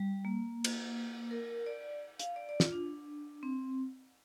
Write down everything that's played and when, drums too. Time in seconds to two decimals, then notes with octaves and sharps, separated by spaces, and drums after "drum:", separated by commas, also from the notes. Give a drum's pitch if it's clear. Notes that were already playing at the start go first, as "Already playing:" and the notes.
Already playing: G3
0.25 A#3
0.64 drum: cymbal
1.31 A#4
1.66 D5
2.19 F5, drum: hi-hat
2.36 D5
2.49 D5
2.60 F4, drum: snare
2.72 D4
3.43 C4